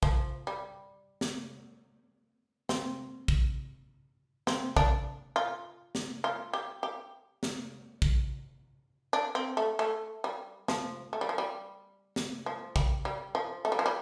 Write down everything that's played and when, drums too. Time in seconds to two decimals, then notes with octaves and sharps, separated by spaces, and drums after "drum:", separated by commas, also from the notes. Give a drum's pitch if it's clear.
0.03 F3, drum: kick
0.47 G3
1.21 drum: snare
2.69 C4, drum: snare
3.28 drum: kick
4.47 C4, drum: snare
4.76 D4, drum: kick
5.36 F4
5.95 drum: snare
6.24 F4
6.53 G4
6.83 G4
7.43 drum: snare
8.02 drum: kick
9.13 D4
9.35 C4
9.57 A3
9.79 A3
10.24 G3
10.68 F3, drum: snare
11.13 A3
11.21 G3
11.29 F3
11.38 G3
12.16 drum: snare
12.46 F3
12.76 G3, drum: kick
13.05 G3
13.35 F3
13.65 A3
13.72 G3
13.79 F3
13.86 G3